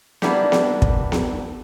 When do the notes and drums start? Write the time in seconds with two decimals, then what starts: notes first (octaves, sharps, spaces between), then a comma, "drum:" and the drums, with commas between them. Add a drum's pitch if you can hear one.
0.22 G3 A#3 B3 D4 E4, drum: snare B3
0.52 drum: snare B3
0.82 drum: kick
1.12 drum: snare B3